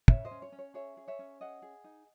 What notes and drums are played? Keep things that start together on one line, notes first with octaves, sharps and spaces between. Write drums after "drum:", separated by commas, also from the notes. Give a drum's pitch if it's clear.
C#4 C#5 E5, drum: kick
C5 D#5
C#4
C#5
C#4
C#5
G#4 C#5 E5
G#4
C#5 E5
C#4
G#4 D#5 F#5
G#4
D#4